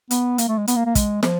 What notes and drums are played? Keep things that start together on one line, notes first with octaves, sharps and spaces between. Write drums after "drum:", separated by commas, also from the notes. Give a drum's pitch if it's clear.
B3, drum: hi-hat
A#3, drum: hi-hat
A3
G#3
B3, drum: hi-hat
A#3
A#3
G#3, drum: kick, hi-hat
F3, drum: snare